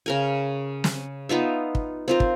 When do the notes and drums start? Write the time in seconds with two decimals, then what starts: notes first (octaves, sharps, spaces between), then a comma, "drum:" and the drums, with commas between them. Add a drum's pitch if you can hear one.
0.06 C#3 A#4 G#5
0.84 drum: snare
1.29 B3 D#4 F4 E5
1.75 drum: kick
2.08 C4 F4 A#4
2.20 drum: kick